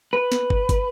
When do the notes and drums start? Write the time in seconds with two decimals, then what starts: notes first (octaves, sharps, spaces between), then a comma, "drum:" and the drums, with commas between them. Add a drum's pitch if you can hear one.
0.13 B4
0.32 drum: snare
0.50 drum: kick
0.69 drum: kick, hi-hat